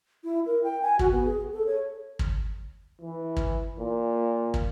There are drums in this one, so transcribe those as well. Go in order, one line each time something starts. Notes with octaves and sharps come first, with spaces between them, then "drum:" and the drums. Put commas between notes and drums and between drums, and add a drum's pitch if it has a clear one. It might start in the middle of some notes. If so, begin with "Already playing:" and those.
E4
A#4
G5
G#5
F#4, drum: kick
B3
G#4
A4
C#5
drum: kick
E3
drum: kick
A#2
drum: kick